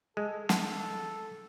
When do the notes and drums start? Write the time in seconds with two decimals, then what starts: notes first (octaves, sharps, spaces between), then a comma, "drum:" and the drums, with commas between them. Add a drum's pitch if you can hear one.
0.17 G#3 A4
0.49 A4, drum: snare